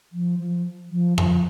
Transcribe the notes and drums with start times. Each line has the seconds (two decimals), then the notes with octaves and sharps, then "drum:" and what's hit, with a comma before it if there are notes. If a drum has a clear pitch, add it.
0.13 F3
0.39 F3
0.91 F3
1.18 F3, drum: tom F2